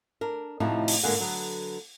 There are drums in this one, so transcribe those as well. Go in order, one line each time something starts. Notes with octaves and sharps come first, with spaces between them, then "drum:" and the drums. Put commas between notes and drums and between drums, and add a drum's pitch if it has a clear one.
D4 A#4
A2 C3 F3 D#4 E4 F#4
drum: open hi-hat
G#2 D3 A#3 F#4 F#5 G#5
D3 F#3 B3